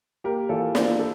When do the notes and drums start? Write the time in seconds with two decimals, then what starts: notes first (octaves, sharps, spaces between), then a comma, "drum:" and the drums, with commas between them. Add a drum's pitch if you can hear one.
0.24 A#3 G4 A#4
0.49 E3 F4 A4
0.75 A#3 D4 F4, drum: snare
0.99 A4